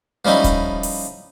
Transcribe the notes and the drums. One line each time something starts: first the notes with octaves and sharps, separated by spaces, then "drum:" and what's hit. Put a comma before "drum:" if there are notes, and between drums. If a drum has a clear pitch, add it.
F3 G3 C#4 D#4 E4
drum: kick D1, hi-hat
drum: open hi-hat